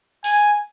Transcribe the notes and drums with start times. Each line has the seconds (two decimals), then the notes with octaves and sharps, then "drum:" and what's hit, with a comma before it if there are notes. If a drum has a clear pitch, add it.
0.24 G#5, drum: open hi-hat